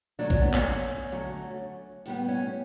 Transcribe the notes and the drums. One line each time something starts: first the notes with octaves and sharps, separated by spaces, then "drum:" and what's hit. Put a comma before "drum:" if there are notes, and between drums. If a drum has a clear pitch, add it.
D3 F#3 A3 D4
C#4, drum: kick A1
B3
C#4, drum: clap
D3 F#3 A3
A2 G3 B3, drum: open hi-hat
C#4